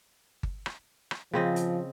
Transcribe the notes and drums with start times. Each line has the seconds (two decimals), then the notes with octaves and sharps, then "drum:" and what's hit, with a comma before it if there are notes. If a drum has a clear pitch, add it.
0.43 drum: kick G1
0.66 drum: rim click
1.11 drum: rim click
1.33 C#3 F3 C4 D#5
1.56 drum: hi-hat